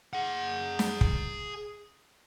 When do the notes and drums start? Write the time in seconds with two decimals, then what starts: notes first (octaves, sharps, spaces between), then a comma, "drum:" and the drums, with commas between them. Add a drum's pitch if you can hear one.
0.13 G#4 F#5
0.79 drum: snare
1.01 drum: kick